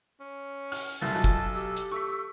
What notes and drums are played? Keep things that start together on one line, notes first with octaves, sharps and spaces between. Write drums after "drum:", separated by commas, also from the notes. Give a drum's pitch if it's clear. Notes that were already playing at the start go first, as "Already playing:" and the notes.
C#4
F6, drum: open hi-hat
F#1 C2 A4 A5
B1 F#3 F4
drum: kick, hi-hat
G4 E6
drum: hi-hat
A3 C#6 B6